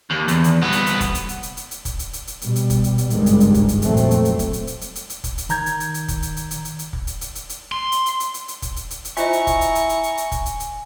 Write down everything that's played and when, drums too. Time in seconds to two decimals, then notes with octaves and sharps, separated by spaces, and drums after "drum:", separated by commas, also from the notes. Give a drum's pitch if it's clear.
0.11 D#2
0.28 E2, drum: hi-hat
0.44 drum: hi-hat
0.62 C2 B3
0.72 drum: hi-hat
0.86 drum: hi-hat
1.00 drum: kick, hi-hat
1.15 drum: hi-hat
1.29 drum: hi-hat
1.43 drum: hi-hat
1.57 drum: hi-hat
1.71 drum: hi-hat
1.85 drum: kick, hi-hat
1.99 drum: hi-hat
2.13 drum: hi-hat
2.27 drum: hi-hat
2.42 B2 G3, drum: hi-hat
2.56 drum: hi-hat
2.70 drum: kick, hi-hat
2.84 drum: hi-hat
2.98 drum: hi-hat
3.10 G#1 C#2 G2 D#3 G3 G#3, drum: hi-hat
3.26 drum: hi-hat
3.40 drum: hi-hat
3.54 drum: kick, hi-hat
3.69 drum: hi-hat
3.82 F2 A#2 F#3 A3 C4, drum: hi-hat
3.97 drum: hi-hat
4.11 drum: hi-hat
4.25 drum: hi-hat
4.39 drum: kick, hi-hat
4.53 drum: hi-hat
4.67 drum: hi-hat
4.81 drum: hi-hat
4.95 drum: hi-hat
5.10 drum: hi-hat
5.24 drum: kick, hi-hat
5.38 drum: hi-hat
5.49 D#3 A#5 G6 G#6, drum: hi-hat
5.66 drum: hi-hat
5.80 drum: hi-hat
5.94 drum: hi-hat
6.08 drum: kick, hi-hat
6.22 drum: hi-hat
6.37 drum: hi-hat
6.51 drum: hi-hat
6.65 drum: hi-hat
6.79 drum: hi-hat
6.93 drum: kick
7.07 drum: hi-hat
7.21 drum: hi-hat
7.35 drum: hi-hat
7.49 drum: hi-hat
7.72 C6
7.92 drum: hi-hat
8.06 drum: hi-hat
8.20 drum: hi-hat
8.34 drum: hi-hat
8.48 drum: hi-hat
8.62 drum: kick, hi-hat
8.76 drum: hi-hat
8.91 drum: hi-hat
9.05 drum: hi-hat
9.17 E4 F4 C5 D#5 G#5 A#5 C#6, drum: hi-hat
9.33 drum: hi-hat
9.47 drum: kick, hi-hat
9.61 drum: hi-hat
9.75 drum: hi-hat
9.89 drum: hi-hat
10.03 drum: hi-hat
10.18 drum: hi-hat
10.32 drum: kick, hi-hat
10.46 drum: hi-hat
10.60 drum: hi-hat